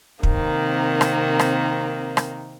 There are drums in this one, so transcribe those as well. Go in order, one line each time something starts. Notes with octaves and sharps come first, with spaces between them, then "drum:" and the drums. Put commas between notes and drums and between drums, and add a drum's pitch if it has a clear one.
C3 D#3 A#3 C4, drum: kick
drum: rim click
drum: rim click
drum: rim click